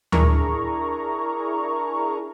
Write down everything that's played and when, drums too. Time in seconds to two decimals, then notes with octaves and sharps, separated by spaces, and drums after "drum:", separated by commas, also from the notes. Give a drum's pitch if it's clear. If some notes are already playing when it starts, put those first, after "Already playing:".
0.12 D4 E4 G#4 A#4 A#5 C#6, drum: tom D2